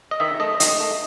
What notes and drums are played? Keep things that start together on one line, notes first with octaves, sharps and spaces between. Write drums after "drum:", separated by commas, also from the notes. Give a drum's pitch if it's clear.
D#5
D#3 E5
A3 D#5
D#3 D#5, drum: hi-hat
A3